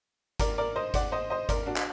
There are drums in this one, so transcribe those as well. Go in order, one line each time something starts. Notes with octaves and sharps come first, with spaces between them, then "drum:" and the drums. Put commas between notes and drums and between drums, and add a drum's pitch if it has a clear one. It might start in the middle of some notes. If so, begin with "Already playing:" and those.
A#4 D5, drum: kick G1, hi-hat
A#4 D5
C5 D#5
D5 F#5, drum: kick G1, hi-hat
C5 D#5
C5 D#5
A#4 D5, drum: kick G1, hi-hat
D4 F#4
drum: clap